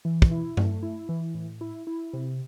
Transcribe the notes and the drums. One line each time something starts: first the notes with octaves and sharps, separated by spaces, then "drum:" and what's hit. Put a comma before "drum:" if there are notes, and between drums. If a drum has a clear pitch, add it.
E3
drum: kick
E4
A3, drum: tom G2
E4
E3
A2
E4
E4
C3